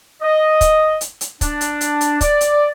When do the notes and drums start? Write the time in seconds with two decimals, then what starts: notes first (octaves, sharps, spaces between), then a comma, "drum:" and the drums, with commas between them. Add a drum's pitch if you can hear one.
0.21 D#5
0.61 drum: kick, hi-hat
1.01 drum: hi-hat
1.21 drum: hi-hat
1.41 D4, drum: kick, hi-hat
1.61 drum: hi-hat
1.81 drum: hi-hat
2.01 drum: hi-hat
2.21 D5, drum: kick, hi-hat
2.41 drum: hi-hat